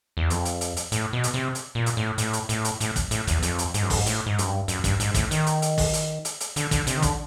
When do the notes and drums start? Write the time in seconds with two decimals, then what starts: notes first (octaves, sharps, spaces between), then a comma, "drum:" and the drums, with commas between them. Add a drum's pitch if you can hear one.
0.17 E2
0.30 F2, drum: hi-hat
0.45 drum: hi-hat
0.61 drum: hi-hat
0.77 drum: hi-hat
0.92 A2, drum: hi-hat
1.13 B2
1.24 drum: hi-hat
1.34 C3
1.55 drum: hi-hat
1.75 A#2
1.86 drum: hi-hat
1.97 A2
2.18 A2, drum: hi-hat
2.33 drum: hi-hat
2.49 A2, drum: hi-hat
2.65 drum: hi-hat
2.80 A2, drum: hi-hat
2.96 drum: kick, hi-hat
3.11 A2, drum: hi-hat
3.27 E2, drum: kick, hi-hat
3.43 F2, drum: hi-hat
3.59 drum: hi-hat
3.74 G#2, drum: hi-hat
3.83 F#2
3.90 G2, drum: kick, open hi-hat
3.98 G#2
4.06 A2, drum: hi-hat
4.26 G#2
4.38 F#2, drum: hi-hat
4.47 G2
4.68 F#2, drum: hi-hat
4.84 G2, drum: kick, hi-hat
5.00 G#2, drum: hi-hat
5.15 A2, drum: kick, hi-hat
5.31 D#3, drum: hi-hat
5.46 drum: hi-hat
5.62 drum: hi-hat
5.78 drum: kick, open hi-hat
5.93 drum: hi-hat
6.25 drum: hi-hat
6.40 drum: hi-hat
6.56 D3, drum: hi-hat
6.71 D3, drum: kick, hi-hat
6.87 C3, drum: hi-hat
6.97 D#3
7.02 D3, drum: kick, hi-hat